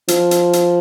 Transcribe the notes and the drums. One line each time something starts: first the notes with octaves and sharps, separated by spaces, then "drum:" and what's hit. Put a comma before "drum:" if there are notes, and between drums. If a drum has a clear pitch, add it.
F3, drum: hi-hat
drum: hi-hat
drum: hi-hat